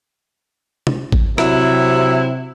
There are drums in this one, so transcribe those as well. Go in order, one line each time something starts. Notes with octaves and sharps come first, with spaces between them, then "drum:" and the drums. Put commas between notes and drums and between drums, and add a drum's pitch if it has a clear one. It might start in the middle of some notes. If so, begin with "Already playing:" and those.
drum: tom
drum: kick
C3 F#3 E4, drum: rim click